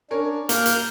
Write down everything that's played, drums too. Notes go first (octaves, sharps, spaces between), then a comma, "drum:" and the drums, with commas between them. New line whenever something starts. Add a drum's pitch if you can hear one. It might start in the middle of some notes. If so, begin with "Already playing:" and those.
C#4 D4 A#4 C#5
A#3 F6 G6, drum: hi-hat
drum: hi-hat